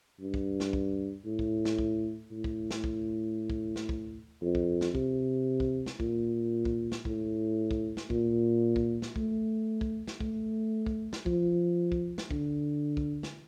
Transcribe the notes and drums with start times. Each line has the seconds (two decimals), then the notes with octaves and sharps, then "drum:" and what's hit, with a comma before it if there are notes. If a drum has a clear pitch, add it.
0.21 G2
0.34 drum: kick
0.60 drum: snare
0.73 drum: kick
1.26 A2
1.39 drum: kick
1.65 drum: snare
1.79 drum: kick
2.31 A2
2.44 drum: kick
2.71 drum: snare
2.84 drum: kick
3.50 drum: kick
3.76 drum: snare
3.89 drum: kick
4.42 F2
4.55 drum: kick
4.81 drum: snare
4.95 C3, drum: kick
5.60 drum: kick
5.86 drum: snare
6.00 A#2, drum: kick
6.65 drum: kick
6.92 drum: snare
7.05 A2, drum: kick
7.71 drum: kick
7.97 drum: snare
8.10 A#2, drum: kick
8.76 drum: kick
9.02 drum: snare
9.16 A3, drum: kick
9.81 drum: kick
10.07 drum: snare
10.21 A3, drum: kick
10.86 drum: kick
11.13 drum: snare
11.26 F3, drum: kick
11.92 drum: kick
12.18 drum: snare
12.31 D3, drum: kick
12.97 drum: kick
13.23 drum: snare